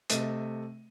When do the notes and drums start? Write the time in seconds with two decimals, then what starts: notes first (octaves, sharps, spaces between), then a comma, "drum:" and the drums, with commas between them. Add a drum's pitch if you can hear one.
0.10 C3 A3 D#5 D#7, drum: hi-hat